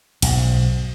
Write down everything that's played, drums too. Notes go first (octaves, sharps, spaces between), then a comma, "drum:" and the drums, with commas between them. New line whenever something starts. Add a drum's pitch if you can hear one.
B1 G#2, drum: cymbal